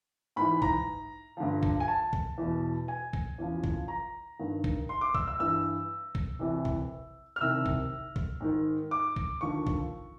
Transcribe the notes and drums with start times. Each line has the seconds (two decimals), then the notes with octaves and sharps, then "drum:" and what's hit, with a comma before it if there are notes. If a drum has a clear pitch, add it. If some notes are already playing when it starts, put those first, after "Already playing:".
0.36 G#2 E3 B5
0.62 A#5, drum: kick A#1
1.37 G2 D3 F3
1.63 drum: kick A#1
1.80 G#5
1.88 A5
2.13 drum: kick A#1
2.38 E2 B2
2.88 G#5
3.13 drum: kick A#1
3.38 E2 C#3 F3
3.64 drum: kick A#1
3.88 A#5
4.39 G2 D#3
4.64 drum: kick A#1
4.89 C6
5.01 D6
5.15 E6, drum: kick A#1
5.27 E6
5.39 G2 E3 E6
6.15 drum: kick A#1
6.39 C2 C3 E3
6.65 drum: kick A#1
7.36 F6
7.41 C2 C3 D#3 E6
7.66 drum: kick A#1
8.16 drum: kick A#1
8.41 G#2 D#3
8.91 D6
9.16 drum: kick A#1
9.41 D#2 D3 F3 C#6
9.67 drum: kick A#1